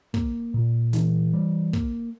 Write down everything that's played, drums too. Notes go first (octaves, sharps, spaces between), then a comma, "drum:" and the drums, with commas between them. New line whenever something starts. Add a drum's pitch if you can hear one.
A#3, drum: kick
A#2
E3, drum: snare
G3
A#3, drum: kick